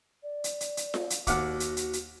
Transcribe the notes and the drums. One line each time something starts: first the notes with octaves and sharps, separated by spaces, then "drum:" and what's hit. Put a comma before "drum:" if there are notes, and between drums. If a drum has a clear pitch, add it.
D5
drum: hi-hat
drum: hi-hat
drum: hi-hat
drum: snare F4
drum: hi-hat
D#2 F#4 F#5 D6, drum: kick, hi-hat
drum: hi-hat
drum: hi-hat
drum: hi-hat